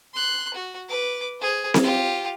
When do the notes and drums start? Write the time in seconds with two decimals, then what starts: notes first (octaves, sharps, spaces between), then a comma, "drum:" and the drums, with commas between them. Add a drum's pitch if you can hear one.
0.14 C6 F#6
0.54 F#4
0.89 B4 D6
1.40 G#4 C5
1.74 drum: snare C4
1.83 F4 G4